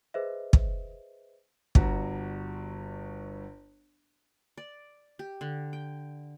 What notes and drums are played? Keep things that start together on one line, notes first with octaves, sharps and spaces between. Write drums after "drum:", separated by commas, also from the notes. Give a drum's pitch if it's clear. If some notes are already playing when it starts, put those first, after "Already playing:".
G#4 B4 C5 D#5 E5
drum: kick
G1 G2 F#4 A#5, drum: kick
D5
G4
D3
G5